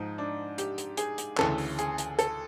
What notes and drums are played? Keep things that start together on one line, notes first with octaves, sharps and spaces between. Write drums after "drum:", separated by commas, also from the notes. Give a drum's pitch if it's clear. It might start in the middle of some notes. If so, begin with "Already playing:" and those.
Already playing: G#2 F3 D#4
D4
G4, drum: hi-hat
drum: hi-hat
G#4, drum: hi-hat
drum: hi-hat
D2 C#3 E3 A4, drum: clap
drum: open hi-hat
G#4, drum: hi-hat
drum: hi-hat
A4, drum: hi-hat